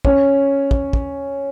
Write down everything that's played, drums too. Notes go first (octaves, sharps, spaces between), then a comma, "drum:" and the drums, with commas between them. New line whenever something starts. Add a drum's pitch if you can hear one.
C#4, drum: kick
drum: kick
drum: kick